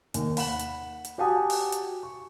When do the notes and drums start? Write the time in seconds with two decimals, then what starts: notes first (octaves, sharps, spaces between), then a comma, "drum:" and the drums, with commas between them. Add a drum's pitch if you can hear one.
0.14 D#2, drum: hi-hat
0.37 F#5 B5 E7 F#7, drum: open hi-hat
0.59 drum: hi-hat
1.05 drum: hi-hat
1.18 F#4 G4 F#5 G#5 A5 D#6
1.50 drum: open hi-hat
1.72 drum: hi-hat
2.03 C#6